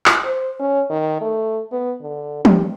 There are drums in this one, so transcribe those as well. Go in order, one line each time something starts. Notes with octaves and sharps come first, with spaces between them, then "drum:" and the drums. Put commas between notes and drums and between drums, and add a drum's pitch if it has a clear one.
drum: clap
C5
C#4
D#3
A3
B3
D3
G4, drum: tom